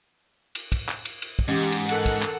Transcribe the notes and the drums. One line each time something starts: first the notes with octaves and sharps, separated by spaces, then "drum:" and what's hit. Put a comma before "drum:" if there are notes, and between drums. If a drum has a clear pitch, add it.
drum: cymbal
drum: kick, cymbal
drum: clap
drum: cymbal
drum: cymbal
drum: kick
G#2 E3 C#4 G4
drum: cymbal
A4 A#4 F#5, drum: cymbal
drum: kick, cymbal
drum: clap